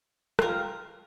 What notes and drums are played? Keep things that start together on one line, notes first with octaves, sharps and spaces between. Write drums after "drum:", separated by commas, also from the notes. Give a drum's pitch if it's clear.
F3 C4 F4 A#4, drum: rim click